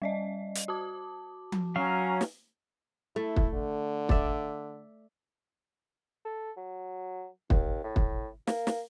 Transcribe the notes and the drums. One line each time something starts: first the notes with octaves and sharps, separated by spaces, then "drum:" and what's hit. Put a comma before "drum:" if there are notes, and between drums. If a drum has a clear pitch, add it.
G3 D5 D#5
drum: hi-hat
F#4 A5 D6
drum: tom F3
F#3 C#4 F5 A#5
drum: snare
A3 E4
drum: kick
D3
D5 E5, drum: kick
A4
F#3
D#2, drum: kick
A2
drum: kick
A#3, drum: snare
drum: snare